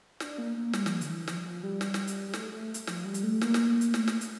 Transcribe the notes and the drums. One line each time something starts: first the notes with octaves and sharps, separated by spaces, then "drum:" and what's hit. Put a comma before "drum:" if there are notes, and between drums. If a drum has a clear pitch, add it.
D4, drum: snare
A#3
A#3
G3, drum: snare
E3, drum: snare
F3
D3, drum: hi-hat
E3
F3, drum: snare
F3
G3
drum: snare
drum: snare
drum: hi-hat
G3
A3, drum: snare
A3
drum: hi-hat
F3, drum: snare
G3
drum: hi-hat
A3
A#3, drum: snare
drum: snare
drum: hi-hat
A3, drum: snare
drum: snare
drum: hi-hat